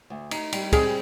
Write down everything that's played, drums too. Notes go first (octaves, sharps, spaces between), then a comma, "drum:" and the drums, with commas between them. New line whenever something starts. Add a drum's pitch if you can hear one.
D2
D#4, drum: cymbal
G3, drum: cymbal
C4 G#4, drum: kick, cymbal